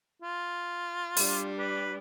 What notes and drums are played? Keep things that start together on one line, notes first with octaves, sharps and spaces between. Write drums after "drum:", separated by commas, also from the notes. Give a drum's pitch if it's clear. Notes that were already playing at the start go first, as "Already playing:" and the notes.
F4
G3 D4, drum: open hi-hat
B4